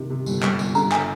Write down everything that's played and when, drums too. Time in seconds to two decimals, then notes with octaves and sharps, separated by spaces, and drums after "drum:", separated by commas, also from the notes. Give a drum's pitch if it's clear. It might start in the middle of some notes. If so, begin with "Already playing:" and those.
Already playing: C3 D#3
0.10 C3
0.26 G1, drum: tambourine
0.43 G2, drum: clap
0.59 G1, drum: tambourine
0.75 D3 A#5, drum: tambourine
0.92 G#5, drum: clap